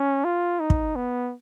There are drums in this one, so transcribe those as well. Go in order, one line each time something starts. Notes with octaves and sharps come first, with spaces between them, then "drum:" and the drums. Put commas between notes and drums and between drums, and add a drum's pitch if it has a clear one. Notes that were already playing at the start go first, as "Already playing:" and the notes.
Already playing: C#4
F4
D#4
drum: kick
B3